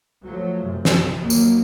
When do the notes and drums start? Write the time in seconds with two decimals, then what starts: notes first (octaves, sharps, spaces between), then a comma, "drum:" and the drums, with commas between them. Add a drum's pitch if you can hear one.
0.24 F3 F#3 A3
0.63 F#2 C3
0.85 drum: snare
1.20 D#2 D#3 F#3 A#3
1.30 drum: tambourine